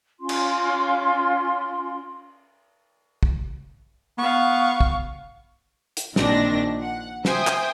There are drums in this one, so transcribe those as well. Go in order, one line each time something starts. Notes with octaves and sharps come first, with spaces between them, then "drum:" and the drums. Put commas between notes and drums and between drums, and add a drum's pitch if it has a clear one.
C#4 F4 C6
drum: cymbal
drum: kick
B3 F5 C#6
drum: kick
drum: hi-hat
A#1 A#2 D#3 C4 D4 A#6, drum: snare
F#5
C5 E5 G5 G#5 D#6 G6, drum: snare
drum: clap